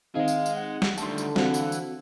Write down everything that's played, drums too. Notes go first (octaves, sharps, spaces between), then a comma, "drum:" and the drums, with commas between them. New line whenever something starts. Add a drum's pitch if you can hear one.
D#3 C4 D#4 G#4 D#5 F5
drum: tambourine
drum: tambourine
F#5
drum: snare
D3 D#3 G3 A3 A5 C6, drum: tambourine
drum: tambourine
E3 C4 F#4 F5 F#5, drum: snare
drum: tambourine
drum: tambourine